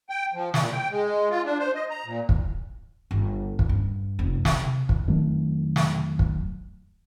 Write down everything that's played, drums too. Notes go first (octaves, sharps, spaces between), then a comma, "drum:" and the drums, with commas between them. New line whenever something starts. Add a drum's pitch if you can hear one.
G5
F3
A#2, drum: snare
G5
G#3
F4
D4
C5
D#5
A#5
A#2
drum: kick
G1
drum: kick
G2
F1
C3, drum: snare
drum: kick
F2 D#3 F#3 A3
drum: snare
drum: kick